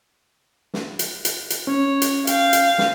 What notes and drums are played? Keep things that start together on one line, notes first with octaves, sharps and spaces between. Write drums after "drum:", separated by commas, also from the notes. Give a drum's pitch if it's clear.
drum: snare
drum: hi-hat
drum: hi-hat
drum: hi-hat
C#4 C#5
drum: hi-hat
F5 G5, drum: hi-hat
drum: hi-hat
drum: snare